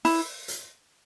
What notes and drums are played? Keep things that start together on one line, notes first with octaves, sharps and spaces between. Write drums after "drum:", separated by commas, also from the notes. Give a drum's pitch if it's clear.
E4, drum: open hi-hat
drum: hi-hat